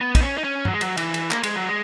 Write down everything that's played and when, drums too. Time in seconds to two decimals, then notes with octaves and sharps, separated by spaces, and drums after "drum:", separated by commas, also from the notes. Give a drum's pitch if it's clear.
0.01 B3
0.15 D#4, drum: kick, cymbal
0.22 C#4
0.38 D#4
0.44 C#4
0.65 F#3, drum: tom
0.74 G#3
0.81 F#3, drum: cymbal
0.97 E3, drum: cymbal
1.14 drum: cymbal
1.31 A#3, drum: clap
1.43 G#3, drum: cymbal
1.56 F#3
1.68 G#3